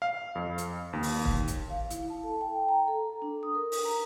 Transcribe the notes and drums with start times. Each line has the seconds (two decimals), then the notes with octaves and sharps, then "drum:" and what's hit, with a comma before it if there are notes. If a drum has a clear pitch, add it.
0.02 F5
0.35 F2
0.58 drum: hi-hat
0.93 D#2
1.03 drum: open hi-hat
1.25 drum: kick
1.48 drum: hi-hat
1.70 F5
1.90 E4, drum: hi-hat
2.10 A5
2.23 A4
2.41 G5
2.69 A#5
2.88 A4
3.22 D4
3.43 D#6
3.55 A#4
3.72 drum: open hi-hat
3.85 A#5